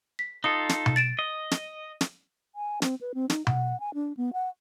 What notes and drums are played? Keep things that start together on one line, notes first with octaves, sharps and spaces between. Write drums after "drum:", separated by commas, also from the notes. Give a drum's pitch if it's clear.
B6
D#4 F4 A4 D#6
drum: snare
drum: tom B2
A6 D7 E7
D#5
drum: snare
drum: snare
G#5
C4, drum: snare
B4
C4
D#4, drum: snare
F#5, drum: tom B2
G#5
D4
B3
F#5